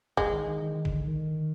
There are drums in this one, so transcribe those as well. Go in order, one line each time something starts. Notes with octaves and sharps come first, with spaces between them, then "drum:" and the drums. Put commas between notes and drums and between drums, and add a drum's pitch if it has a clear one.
G#3, drum: kick
D#3
D#3
D#3
D#3
D3, drum: kick
D#3